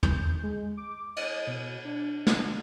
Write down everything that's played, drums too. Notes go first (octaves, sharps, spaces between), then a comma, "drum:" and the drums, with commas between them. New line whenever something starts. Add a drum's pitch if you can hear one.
G6, drum: tom
G#3
D6
D#5, drum: cymbal
B2
D4
drum: snare